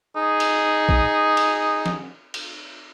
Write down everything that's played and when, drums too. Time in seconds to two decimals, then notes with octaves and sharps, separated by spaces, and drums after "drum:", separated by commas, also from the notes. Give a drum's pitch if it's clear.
0.16 D#4 G#4
0.40 drum: cymbal
0.89 drum: kick
1.37 drum: cymbal
1.86 drum: snare
2.34 drum: cymbal